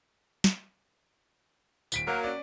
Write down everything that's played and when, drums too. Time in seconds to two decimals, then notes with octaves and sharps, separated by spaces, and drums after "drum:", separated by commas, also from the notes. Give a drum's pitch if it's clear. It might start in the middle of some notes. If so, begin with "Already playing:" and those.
0.44 drum: snare
1.92 D1 B6 D7, drum: tambourine
2.07 F#3 A#3 A#4
2.24 C#4 D5